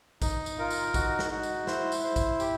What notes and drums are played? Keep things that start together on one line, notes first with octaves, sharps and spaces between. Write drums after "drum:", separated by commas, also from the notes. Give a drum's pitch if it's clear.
D#4, drum: kick A1, tambourine
drum: tambourine
F4 A#4
drum: tambourine
D#4 F#4, drum: kick A1, tambourine
drum: snare
D#4 F#4
drum: tambourine
E4 C5, drum: snare
drum: tambourine
C5
drum: kick A1, tambourine
G4, drum: tambourine